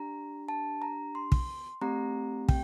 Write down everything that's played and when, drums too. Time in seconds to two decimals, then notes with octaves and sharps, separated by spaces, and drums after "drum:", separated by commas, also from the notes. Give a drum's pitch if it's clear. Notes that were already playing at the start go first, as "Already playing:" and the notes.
Already playing: D4 G4 A#5
0.49 A5
0.82 A#5
1.15 C6
1.32 drum: kick
1.81 A3 C4 G4 A#5
2.49 G5, drum: kick